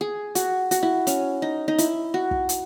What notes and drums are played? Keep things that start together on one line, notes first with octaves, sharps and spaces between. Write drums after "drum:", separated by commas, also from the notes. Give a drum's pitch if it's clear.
G#4
F#4, drum: hi-hat
F#4, drum: hi-hat
E4
C#4, drum: hi-hat
D#4
D#4
E4, drum: hi-hat
F#4
drum: kick
drum: hi-hat